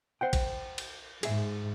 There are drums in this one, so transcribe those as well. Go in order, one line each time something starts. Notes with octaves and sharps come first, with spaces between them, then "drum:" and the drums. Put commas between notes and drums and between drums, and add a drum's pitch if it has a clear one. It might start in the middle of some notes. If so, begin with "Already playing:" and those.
C5 F#5 G5
drum: kick, cymbal
drum: cymbal
G#2 G#4 E5, drum: cymbal